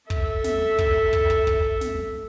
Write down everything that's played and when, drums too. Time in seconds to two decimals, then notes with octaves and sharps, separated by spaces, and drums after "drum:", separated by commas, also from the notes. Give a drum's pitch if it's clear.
0.10 A4 E5, drum: kick
0.44 drum: snare
0.79 drum: kick
1.13 drum: kick
1.30 drum: kick
1.47 drum: kick
1.81 drum: snare